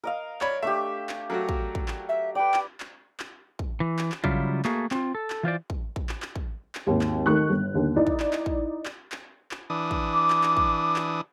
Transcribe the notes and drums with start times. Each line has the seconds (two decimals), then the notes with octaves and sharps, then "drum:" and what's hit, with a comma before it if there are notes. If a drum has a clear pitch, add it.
0.04 A#4 D#5 F5
0.41 C#5 D5 B5, drum: clap
0.63 A3 D4 G4 E5
1.09 drum: clap
1.30 F#3 A3 F#4 A#4
1.49 drum: kick
1.75 drum: kick
1.88 drum: clap
2.09 E5
2.35 B4 D5 G5
2.54 drum: clap
2.80 drum: clap
3.20 drum: clap
3.59 drum: kick
3.80 E3
3.99 drum: clap
4.12 drum: clap
4.24 C#3 F#3 G3 E4 F4, drum: kick
4.65 A3 A#3 F#4 G#4, drum: clap
4.91 C4 F4, drum: clap
5.15 A4
5.30 drum: clap
5.43 E3 F4 C5 D5
5.70 drum: kick
5.96 drum: kick
6.09 drum: clap
6.22 drum: clap
6.36 drum: kick
6.75 drum: clap
6.86 G#1 D#2
7.01 drum: clap
7.26 D#3 A3 D#4 C#6 F#6
7.49 G1
7.74 D#2 D3
7.96 D#4 E4 D5
8.07 drum: kick
8.20 drum: clap
8.33 drum: clap
8.46 drum: kick
8.86 drum: clap
9.12 drum: clap
9.51 drum: clap
9.70 E3 D4 D#6
9.91 drum: kick
10.12 D6
10.30 drum: clap
10.43 drum: clap
10.57 drum: kick
10.96 drum: clap